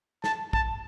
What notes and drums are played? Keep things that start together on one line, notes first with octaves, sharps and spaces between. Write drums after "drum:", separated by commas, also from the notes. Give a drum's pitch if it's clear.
A5, drum: snare
A5, drum: kick